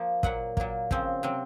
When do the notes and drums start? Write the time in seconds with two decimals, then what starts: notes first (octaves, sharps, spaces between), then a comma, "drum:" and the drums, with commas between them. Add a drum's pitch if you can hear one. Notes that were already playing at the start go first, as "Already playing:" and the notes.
Already playing: F3 A#3
0.23 A#2 F#3 A#3 F#5, drum: kick
0.57 A#2 F#3 A#3, drum: kick
0.91 C#3 F3 C4, drum: kick
1.23 C3 F#3 C4